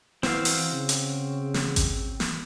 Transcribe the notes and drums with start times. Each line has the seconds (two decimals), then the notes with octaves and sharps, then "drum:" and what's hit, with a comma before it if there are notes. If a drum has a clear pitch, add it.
0.23 E3 C4 F#4 F5, drum: snare
0.45 drum: open hi-hat
0.72 C#3
0.89 drum: hi-hat
1.54 drum: snare
1.76 drum: kick G#1, hi-hat
2.20 drum: snare